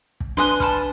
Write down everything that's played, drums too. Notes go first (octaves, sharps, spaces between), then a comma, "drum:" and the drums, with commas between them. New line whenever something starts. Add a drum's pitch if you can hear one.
drum: kick
D4 B4 G#5 C6 D#6 F#6
A5 B5 F6, drum: kick